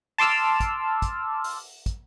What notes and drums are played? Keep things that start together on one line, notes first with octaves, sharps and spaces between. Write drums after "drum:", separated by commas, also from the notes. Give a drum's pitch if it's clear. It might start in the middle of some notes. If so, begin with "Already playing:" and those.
A5 C6 D6 E6 F6, drum: open hi-hat
drum: kick, hi-hat
drum: kick, hi-hat
drum: open hi-hat
drum: kick, hi-hat